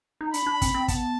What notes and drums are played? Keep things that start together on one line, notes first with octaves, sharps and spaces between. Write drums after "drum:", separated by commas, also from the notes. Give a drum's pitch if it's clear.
D#4
D4 B5, drum: hi-hat
D4
C4, drum: kick, hi-hat
C4
B3 A5, drum: kick, hi-hat